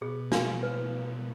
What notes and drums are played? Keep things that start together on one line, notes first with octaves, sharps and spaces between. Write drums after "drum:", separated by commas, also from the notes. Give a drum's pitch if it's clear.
B2 G#4
D4, drum: snare
B4